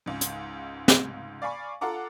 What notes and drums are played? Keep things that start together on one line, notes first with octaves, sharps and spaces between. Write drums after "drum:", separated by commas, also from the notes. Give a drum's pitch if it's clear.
C#2 G#2
drum: hi-hat
drum: snare
D5 F5 G#5 B5 C#6
F4 A4 F#5 A#5 D6